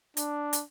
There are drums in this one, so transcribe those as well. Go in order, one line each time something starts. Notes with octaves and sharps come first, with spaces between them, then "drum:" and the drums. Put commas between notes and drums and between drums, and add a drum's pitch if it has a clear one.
D4, drum: hi-hat
drum: hi-hat